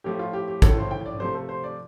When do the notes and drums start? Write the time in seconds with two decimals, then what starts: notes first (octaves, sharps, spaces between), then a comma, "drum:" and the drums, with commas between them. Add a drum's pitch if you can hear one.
0.04 A2 F3 A3 G4
0.19 F4
0.33 G4
0.48 G4
0.62 A2 F3 A3 A4, drum: kick, hi-hat
0.77 C5
0.91 G5
1.06 D5
1.20 C3 F3 A3 C5
1.35 A4
1.49 C5
1.64 D5